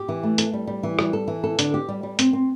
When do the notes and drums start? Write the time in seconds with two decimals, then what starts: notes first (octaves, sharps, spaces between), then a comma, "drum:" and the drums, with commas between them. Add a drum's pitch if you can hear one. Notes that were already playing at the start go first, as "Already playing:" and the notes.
Already playing: G4
0.09 E3
0.23 A3
0.38 A4, drum: hi-hat
0.53 G3
0.67 G3
0.83 E3
0.99 G3, drum: rim click
1.13 A4
1.28 E3
1.44 A4
1.59 D3, drum: hi-hat
1.74 G4
1.89 G3
2.03 G3
2.19 C4, drum: hi-hat
2.33 C4